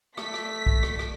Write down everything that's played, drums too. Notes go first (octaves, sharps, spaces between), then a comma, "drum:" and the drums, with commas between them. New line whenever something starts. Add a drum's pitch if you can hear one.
A3 B6, drum: rim click
drum: rim click
drum: kick B1
drum: rim click
drum: rim click